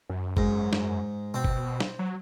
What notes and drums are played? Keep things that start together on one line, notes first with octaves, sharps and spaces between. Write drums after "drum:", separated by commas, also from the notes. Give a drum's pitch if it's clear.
F#2
G#2, drum: kick G1
drum: snare
B2 C4
drum: kick G1
drum: snare
F#3